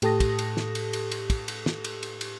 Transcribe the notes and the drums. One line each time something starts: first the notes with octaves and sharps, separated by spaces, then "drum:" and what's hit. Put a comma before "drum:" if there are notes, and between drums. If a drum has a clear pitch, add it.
A2 G4 A4 A5 D#6 A#6, drum: cymbal
drum: kick, cymbal
drum: cymbal
drum: snare
drum: cymbal
drum: cymbal
drum: cymbal
drum: kick, cymbal
drum: cymbal
drum: snare
drum: cymbal
drum: cymbal
drum: cymbal